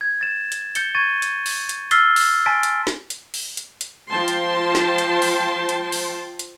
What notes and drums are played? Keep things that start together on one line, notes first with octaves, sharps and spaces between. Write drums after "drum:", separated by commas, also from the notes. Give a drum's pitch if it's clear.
G#6
A6 E7
drum: hi-hat
G6 A6 C#7 G7, drum: hi-hat
C#6 G#6 A6 D#7
drum: hi-hat
drum: open hi-hat
drum: hi-hat
E6 F6 A6 B6 C7 G7, drum: hi-hat
drum: open hi-hat
G#5 A5 C6 A6 B6 D7
drum: hi-hat
drum: snare
drum: hi-hat
drum: open hi-hat
drum: hi-hat
drum: hi-hat
F3 G5 A5 C6
drum: hi-hat
drum: snare
drum: hi-hat
drum: open hi-hat
drum: hi-hat
drum: open hi-hat
drum: hi-hat